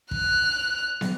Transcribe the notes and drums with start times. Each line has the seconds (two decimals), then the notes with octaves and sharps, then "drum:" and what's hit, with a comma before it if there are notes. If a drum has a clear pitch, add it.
0.11 F6 F#6, drum: kick
1.01 drum: snare